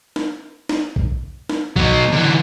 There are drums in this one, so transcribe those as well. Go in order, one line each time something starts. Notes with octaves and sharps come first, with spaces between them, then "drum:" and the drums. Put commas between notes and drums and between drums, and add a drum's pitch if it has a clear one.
drum: snare
drum: snare
drum: kick
drum: snare
B2 F#3, drum: kick
D3 E3